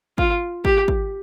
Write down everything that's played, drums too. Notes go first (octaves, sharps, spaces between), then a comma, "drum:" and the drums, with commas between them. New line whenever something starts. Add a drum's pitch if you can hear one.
F4, drum: kick G#1
G4, drum: kick G#1
drum: kick G#1